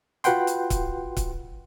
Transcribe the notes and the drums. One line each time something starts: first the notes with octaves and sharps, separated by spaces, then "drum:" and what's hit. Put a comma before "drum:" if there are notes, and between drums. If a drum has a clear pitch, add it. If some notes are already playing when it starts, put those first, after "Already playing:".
F4 F#4 B4 F#5 G5 C6, drum: hi-hat
drum: hi-hat
drum: kick, hi-hat
drum: kick, hi-hat